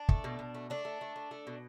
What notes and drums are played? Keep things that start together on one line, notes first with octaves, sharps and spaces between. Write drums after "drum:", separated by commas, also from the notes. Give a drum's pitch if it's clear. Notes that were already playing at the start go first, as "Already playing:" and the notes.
Already playing: D4
A3, drum: kick
B2
B2
A3
A3 D4
A3
A3
A3
A3
B2